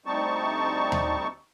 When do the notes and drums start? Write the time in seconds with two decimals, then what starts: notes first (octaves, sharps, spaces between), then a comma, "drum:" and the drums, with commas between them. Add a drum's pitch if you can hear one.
0.06 D2 G3 C4 D#4 A5 C#6
0.92 drum: tom D#2